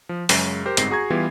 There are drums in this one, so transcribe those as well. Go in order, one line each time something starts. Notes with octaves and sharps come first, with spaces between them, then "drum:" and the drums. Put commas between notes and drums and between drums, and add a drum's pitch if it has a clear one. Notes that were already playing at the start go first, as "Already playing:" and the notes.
F3
F#2 C#3 F#3 G#3, drum: open hi-hat
G4 A#4 C5
G1 G#2 C4 A#6 C7, drum: hi-hat
F#4 G#4 A#5 C#6 G#6
E3 G3 B3 E4 F4 G4